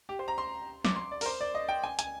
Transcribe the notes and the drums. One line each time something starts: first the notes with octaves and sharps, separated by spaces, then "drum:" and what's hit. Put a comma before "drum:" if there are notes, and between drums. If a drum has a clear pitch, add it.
G4
C5
A#5
C6
D6, drum: snare
C6
D5
A#4, drum: open hi-hat
C5
D5
D#5
G5
G#5
G#5, drum: hi-hat